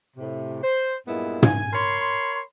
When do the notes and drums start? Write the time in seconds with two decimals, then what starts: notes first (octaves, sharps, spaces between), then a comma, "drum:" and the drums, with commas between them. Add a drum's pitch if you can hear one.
0.17 A2 C3
0.63 C5
1.07 G2 A#2 G#3 B3 E4
1.43 G#5, drum: tom
1.73 A#4 C#5 B5 C6